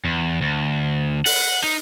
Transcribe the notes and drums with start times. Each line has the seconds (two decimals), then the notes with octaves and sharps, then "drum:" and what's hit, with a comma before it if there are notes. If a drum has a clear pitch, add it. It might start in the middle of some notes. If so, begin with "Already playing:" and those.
0.05 E2
0.41 D2
1.26 F#5, drum: open hi-hat
1.64 D#4